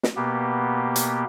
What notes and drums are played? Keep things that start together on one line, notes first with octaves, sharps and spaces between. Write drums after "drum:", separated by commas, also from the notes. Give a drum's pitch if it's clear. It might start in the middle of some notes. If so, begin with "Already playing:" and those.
drum: snare
B2 A#3 B3 G4
drum: hi-hat